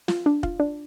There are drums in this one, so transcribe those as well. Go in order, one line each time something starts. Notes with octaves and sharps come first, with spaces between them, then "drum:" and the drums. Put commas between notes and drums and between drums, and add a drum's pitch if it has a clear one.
F4, drum: snare
D4
F4, drum: kick
D4